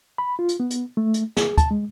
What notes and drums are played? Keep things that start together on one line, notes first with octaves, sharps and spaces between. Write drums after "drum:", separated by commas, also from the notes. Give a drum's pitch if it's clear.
B5
F4
drum: hi-hat
B3
drum: hi-hat
A3
drum: hi-hat
G#4, drum: snare
A5, drum: kick, hi-hat
G#3